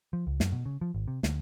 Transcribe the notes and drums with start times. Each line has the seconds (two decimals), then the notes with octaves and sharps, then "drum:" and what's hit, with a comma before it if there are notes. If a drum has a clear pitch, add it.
0.13 F3
0.27 C#2
0.40 F#2, drum: snare
0.52 B2
0.66 C#3
0.81 F3
0.94 G#1
1.08 C3
1.23 D2, drum: snare